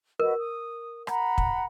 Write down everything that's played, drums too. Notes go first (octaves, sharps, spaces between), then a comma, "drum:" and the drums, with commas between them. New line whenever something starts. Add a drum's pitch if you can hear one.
F#4 A#4 B4 D#5
D#6
F#5 A#5 B5, drum: rim click
drum: kick